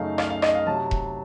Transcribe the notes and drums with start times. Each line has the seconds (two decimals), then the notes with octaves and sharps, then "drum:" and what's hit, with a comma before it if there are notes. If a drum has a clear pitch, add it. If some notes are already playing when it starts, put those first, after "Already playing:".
Already playing: F#2 C#3 A3 D#4 F5
0.18 F5, drum: rim click
0.30 F5
0.42 D#5, drum: rim click
0.55 F5
0.67 C3 F#3 A5
0.91 drum: kick E1